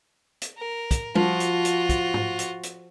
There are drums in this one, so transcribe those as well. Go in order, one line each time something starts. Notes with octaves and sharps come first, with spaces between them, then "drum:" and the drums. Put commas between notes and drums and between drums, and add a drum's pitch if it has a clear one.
drum: hi-hat
A#4
drum: kick, hi-hat
F3 F4 F#4, drum: tom
drum: hi-hat
drum: hi-hat
drum: kick, hi-hat
drum: tom
drum: hi-hat
drum: hi-hat